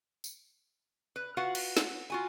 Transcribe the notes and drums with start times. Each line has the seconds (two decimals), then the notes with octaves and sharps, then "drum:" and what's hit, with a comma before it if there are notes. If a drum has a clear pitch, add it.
0.24 drum: tambourine
1.16 B4
1.37 F4 F#4 B4 F5 F#5
1.55 drum: cymbal
1.77 drum: snare
2.10 F4 F#4 G#5